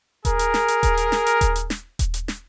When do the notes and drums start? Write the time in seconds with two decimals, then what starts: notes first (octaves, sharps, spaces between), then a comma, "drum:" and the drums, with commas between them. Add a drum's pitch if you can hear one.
0.25 G#4 A#4, drum: kick D#1, hi-hat
0.39 drum: hi-hat
0.54 drum: snare
0.68 drum: hi-hat
0.83 drum: kick D#1, hi-hat
0.97 drum: hi-hat
1.12 drum: snare
1.26 drum: hi-hat
1.41 drum: kick D#1, hi-hat
1.56 drum: hi-hat
1.70 drum: snare
1.99 drum: kick D#1, hi-hat
2.14 drum: hi-hat
2.28 drum: snare